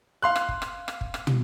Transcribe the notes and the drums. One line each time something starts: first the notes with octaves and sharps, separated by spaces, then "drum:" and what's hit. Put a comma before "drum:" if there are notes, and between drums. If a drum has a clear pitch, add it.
F5 C6 F#6
drum: rim click
drum: kick
drum: rim click
drum: rim click
drum: kick
drum: rim click
drum: tom